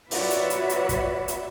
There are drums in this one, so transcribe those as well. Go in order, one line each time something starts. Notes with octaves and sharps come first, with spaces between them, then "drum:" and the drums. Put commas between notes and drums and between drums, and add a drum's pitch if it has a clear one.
F4 F#4 B4 C#5 D5 E5, drum: open hi-hat
drum: hi-hat
drum: hi-hat
drum: hi-hat
drum: kick, hi-hat
drum: hi-hat